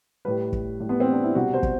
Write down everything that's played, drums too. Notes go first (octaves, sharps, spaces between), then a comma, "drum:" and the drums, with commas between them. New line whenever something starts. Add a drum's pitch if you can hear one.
A2 G3 B4
drum: kick
A2 G3
B3
C4
D4
E4
C2 B2 G3 F#4
C5
drum: kick